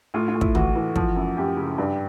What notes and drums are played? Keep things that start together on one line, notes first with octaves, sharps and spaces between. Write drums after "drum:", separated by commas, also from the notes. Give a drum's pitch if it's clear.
A2 F4
F4
A2
E4, drum: kick
E3 F#4, drum: tom
E3
F3, drum: kick
F#2
F#2 G4
C#3
G2